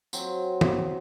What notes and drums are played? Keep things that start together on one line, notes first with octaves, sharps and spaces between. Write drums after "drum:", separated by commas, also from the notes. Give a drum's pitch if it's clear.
F#3 C4, drum: tambourine
drum: tom D#3